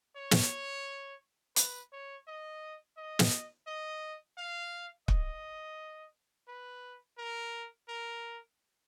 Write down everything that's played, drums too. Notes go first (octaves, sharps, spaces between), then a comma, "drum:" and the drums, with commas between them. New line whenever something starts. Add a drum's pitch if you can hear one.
C#5
drum: snare
B4, drum: hi-hat
C#5
D#5
D#5
drum: snare
D#5
F5
D#5, drum: kick
B4
A#4
A#4